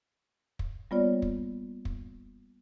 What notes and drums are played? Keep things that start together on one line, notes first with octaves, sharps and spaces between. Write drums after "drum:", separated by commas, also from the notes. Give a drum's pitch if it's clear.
drum: kick
G3 A#3 B3 F4 C#5 D5
drum: kick
drum: kick